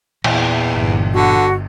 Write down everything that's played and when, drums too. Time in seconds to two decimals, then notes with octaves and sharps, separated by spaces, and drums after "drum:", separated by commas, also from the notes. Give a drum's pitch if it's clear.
0.24 E2 A#2 E3, drum: cymbal
0.73 G1
1.13 D3 F#4